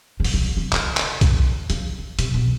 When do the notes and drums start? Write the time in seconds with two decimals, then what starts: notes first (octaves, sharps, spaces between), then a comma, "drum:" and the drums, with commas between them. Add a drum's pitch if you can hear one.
0.20 C#3
0.25 D3, drum: open hi-hat
0.34 C3
0.41 C#3
0.57 C3
0.72 C#3, drum: clap
0.97 drum: clap
1.21 drum: kick, hi-hat
1.70 C#3, drum: hi-hat
2.19 C3, drum: hi-hat
2.34 B2